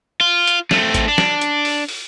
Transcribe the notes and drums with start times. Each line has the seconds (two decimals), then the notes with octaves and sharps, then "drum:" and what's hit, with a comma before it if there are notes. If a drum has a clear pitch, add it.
0.21 F4
0.47 drum: hi-hat
0.71 A3 C4, drum: snare
0.94 drum: kick G#1, hi-hat
1.08 D4
1.18 drum: snare
1.41 drum: hi-hat
1.65 drum: open hi-hat
1.88 drum: open hi-hat